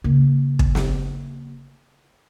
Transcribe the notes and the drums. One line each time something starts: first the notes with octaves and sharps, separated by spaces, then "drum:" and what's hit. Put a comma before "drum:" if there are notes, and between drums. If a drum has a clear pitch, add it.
C#3 A#3
drum: kick
drum: snare